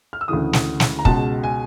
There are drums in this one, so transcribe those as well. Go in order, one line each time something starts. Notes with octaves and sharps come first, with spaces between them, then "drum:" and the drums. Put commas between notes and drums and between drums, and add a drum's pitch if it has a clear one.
F6
E6
D2 C#3 E3 D#6
drum: snare
drum: snare
A#5
C#2 B2 G#3 A5, drum: kick
G#5